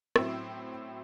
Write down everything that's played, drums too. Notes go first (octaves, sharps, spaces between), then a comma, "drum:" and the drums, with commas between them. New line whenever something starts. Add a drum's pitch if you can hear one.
A2 F#3 C4 E4 E6, drum: rim click